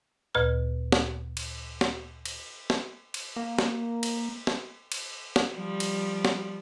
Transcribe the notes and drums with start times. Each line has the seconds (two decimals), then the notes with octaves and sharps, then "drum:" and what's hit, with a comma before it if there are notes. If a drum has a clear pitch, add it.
0.35 D2 A#2 B4 F6
0.92 drum: snare
1.37 drum: cymbal
1.81 drum: snare
2.25 drum: cymbal
2.70 drum: snare
3.14 drum: cymbal
3.36 A#3
3.59 drum: snare
4.03 drum: cymbal
4.47 drum: snare
4.92 drum: cymbal
5.36 drum: snare
5.55 F3 G3
5.80 drum: cymbal
6.25 drum: snare